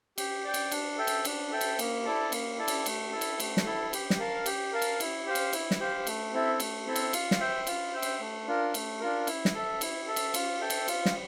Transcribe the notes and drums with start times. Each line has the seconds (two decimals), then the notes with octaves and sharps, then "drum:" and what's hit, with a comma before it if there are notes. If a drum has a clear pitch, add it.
0.18 G4, drum: cymbal
0.45 D5 G5
0.54 drum: cymbal
0.72 D4, drum: cymbal
0.98 A4 E5 G5
1.07 drum: cymbal
1.25 D4, drum: cymbal
1.51 A4 E5 G5
1.61 drum: cymbal
1.79 A#3, drum: cymbal
2.05 E4 A4 D5 A5
2.32 A#3, drum: cymbal
2.58 E4 A4 D5 A5
2.68 drum: cymbal
2.86 A3, drum: cymbal
3.12 E4 A4
3.21 drum: cymbal
3.40 A3, drum: cymbal
3.57 drum: snare
3.66 E4 A4
3.93 G4, drum: cymbal
4.10 drum: snare
4.20 A#4 F5 A5
4.46 G4, drum: cymbal
4.72 A#4 F5 A5
4.82 drum: cymbal
5.00 E4, drum: cymbal
5.26 G4 C5 F5
5.35 drum: cymbal
5.53 E4, drum: cymbal
5.71 drum: snare
5.80 G4 C5 F5
6.07 A3, drum: cymbal
6.33 C4 E4 A4 E5
6.60 A3, drum: cymbal
6.86 C4 E4 A4 E5
6.96 drum: cymbal
7.13 F4, drum: cymbal
7.31 drum: snare
7.40 C5 E5 G5
7.67 F4, drum: cymbal
7.93 C5 E5 G5
8.02 drum: cymbal
8.20 A3
8.47 D4 F4 A#4
8.74 A3, drum: cymbal
9.00 D4 F4 A#4
9.27 E4, drum: cymbal
9.45 drum: snare
9.54 A4 E5
9.81 E4, drum: cymbal
10.07 A4 E5
10.16 drum: cymbal
10.34 F4, drum: cymbal
10.61 A4 E5 G5
10.70 drum: cymbal
10.88 F4, drum: cymbal
11.05 drum: snare